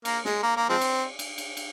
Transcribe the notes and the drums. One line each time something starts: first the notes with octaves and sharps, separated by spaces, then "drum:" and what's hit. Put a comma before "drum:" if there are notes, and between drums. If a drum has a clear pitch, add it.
A#3, drum: cymbal
G#3, drum: snare
A#3
A#3
F3 G#3 C4
drum: cymbal
drum: cymbal
drum: cymbal
drum: cymbal